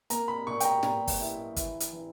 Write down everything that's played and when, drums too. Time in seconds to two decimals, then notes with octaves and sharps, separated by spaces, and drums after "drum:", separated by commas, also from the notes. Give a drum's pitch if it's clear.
0.10 A#3 A#5, drum: hi-hat
0.28 B5
0.47 A#2 C#6
0.60 G5, drum: hi-hat
0.64 A#5
0.83 A#2 A#5, drum: snare
1.08 drum: kick, open hi-hat
1.20 E4
1.56 E3, drum: kick, hi-hat
1.80 drum: hi-hat
1.93 E3